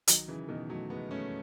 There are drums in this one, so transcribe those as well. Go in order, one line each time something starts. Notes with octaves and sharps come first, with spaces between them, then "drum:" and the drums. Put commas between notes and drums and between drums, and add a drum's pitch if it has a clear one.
D#3 F#3, drum: hi-hat
C#3 E3
B2 D#3
F#3 A3
G#3 B3
A3 C#4